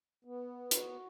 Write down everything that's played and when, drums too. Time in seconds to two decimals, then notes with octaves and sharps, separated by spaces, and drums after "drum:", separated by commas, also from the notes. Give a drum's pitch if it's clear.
0.25 B3
0.71 F#4, drum: hi-hat